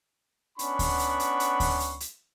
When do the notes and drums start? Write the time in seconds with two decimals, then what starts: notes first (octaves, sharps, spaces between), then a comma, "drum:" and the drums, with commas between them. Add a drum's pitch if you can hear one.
0.59 B3 C#4 D4 F#5 B5 C#6, drum: hi-hat
0.79 drum: kick D2, open hi-hat
0.99 drum: hi-hat
1.20 drum: hi-hat
1.40 drum: hi-hat
1.60 drum: kick D2, open hi-hat
1.80 drum: hi-hat
2.00 drum: hi-hat